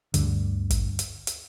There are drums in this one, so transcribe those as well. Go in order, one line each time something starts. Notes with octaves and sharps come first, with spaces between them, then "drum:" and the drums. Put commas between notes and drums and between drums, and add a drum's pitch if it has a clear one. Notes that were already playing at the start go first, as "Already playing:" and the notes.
D2 G2 D3, drum: hi-hat
drum: kick, hi-hat
drum: hi-hat
drum: hi-hat